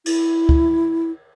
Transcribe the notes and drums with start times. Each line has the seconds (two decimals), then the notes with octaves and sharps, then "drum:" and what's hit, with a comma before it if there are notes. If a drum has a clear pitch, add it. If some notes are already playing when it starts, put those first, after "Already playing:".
0.06 E4, drum: cymbal
0.49 drum: kick C#2